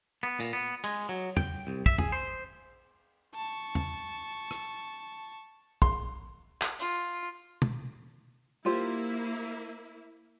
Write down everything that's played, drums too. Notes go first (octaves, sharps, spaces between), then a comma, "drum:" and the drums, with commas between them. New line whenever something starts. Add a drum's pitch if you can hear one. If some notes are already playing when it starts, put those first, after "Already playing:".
B3
A#2, drum: tambourine
B3
G#3, drum: cymbal
F#3
G5, drum: tom E2
C2
E5, drum: kick
G#4, drum: tom E2
C5
A5 C#6
drum: tom E2
drum: rim click
C6, drum: kick
drum: clap
F4, drum: hi-hat
drum: tom
A#3 E4 F4 G4 C5